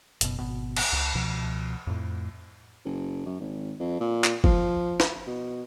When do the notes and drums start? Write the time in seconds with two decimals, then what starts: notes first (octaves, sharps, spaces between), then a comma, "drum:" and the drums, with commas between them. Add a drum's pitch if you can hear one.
0.21 F#1 B2, drum: hi-hat
0.39 G#1 B2
0.76 drum: cymbal
0.93 C#2
1.15 C#2 B2 F3
1.87 F2 A2
2.85 F#1
3.26 F#2
3.40 G#1
3.80 F2
4.00 A#2
4.24 drum: clap
4.44 F3, drum: kick F#1
5.00 drum: snare
5.27 B2